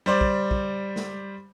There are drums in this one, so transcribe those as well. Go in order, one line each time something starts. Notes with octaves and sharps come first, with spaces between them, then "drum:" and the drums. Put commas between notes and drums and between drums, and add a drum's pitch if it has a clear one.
G3 C5 D5
drum: kick
drum: kick
drum: snare